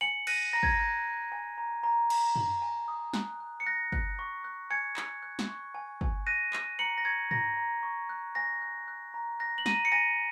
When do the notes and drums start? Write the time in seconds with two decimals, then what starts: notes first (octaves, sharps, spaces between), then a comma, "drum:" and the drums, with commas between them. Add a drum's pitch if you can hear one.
0.01 G#5 C#7 F#7
0.27 F#6 A#6 D#7, drum: cymbal
0.53 A#5 A#6
0.63 G#6, drum: kick
0.72 A#6
0.80 F#6
1.05 F#6
1.32 G#5
1.58 A#5
1.83 A#5
2.10 A#5, drum: cymbal
2.36 A#5, drum: tom F#2
2.62 G#5
2.88 D#6
3.14 F#6, drum: snare
3.40 F#6
3.60 C#7
3.66 F#6 A#6
3.92 F#6, drum: kick
4.19 C#6
4.44 F#6
4.70 G#5 G#6 C#7
4.96 F#6, drum: clap
5.22 F#6
5.39 drum: snare
5.49 C#6
5.75 G#5
6.01 G#5, drum: kick
6.27 F#6 A#6 D#7
6.53 F#6, drum: clap
6.79 A#5 C#7 F#7
6.98 A#6
7.05 C#6 G#6 C#7
7.31 A#5 A#6, drum: tom G#2
7.57 A#5
7.83 C#6
8.09 F#6
8.35 G#5 A#6
8.62 F#6
8.88 F#6
9.14 A#5
9.40 F#6 A#6
9.58 F#7
9.66 A#5 A#6 D#7, drum: snare
9.85 C#7
9.92 G#5 A#6 D#7